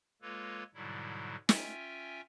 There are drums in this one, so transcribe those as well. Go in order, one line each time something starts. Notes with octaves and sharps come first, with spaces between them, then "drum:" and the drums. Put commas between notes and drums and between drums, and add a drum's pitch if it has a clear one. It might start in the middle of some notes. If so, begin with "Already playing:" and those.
G#3 A#3 F4 A4 B4 C#5
G#2 B2 D3 F#3 G3 E4
C#4 F4 E5 G5 G#5, drum: snare